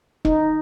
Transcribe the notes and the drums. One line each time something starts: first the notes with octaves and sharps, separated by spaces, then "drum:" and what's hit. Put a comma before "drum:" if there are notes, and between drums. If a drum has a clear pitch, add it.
D#4, drum: kick E1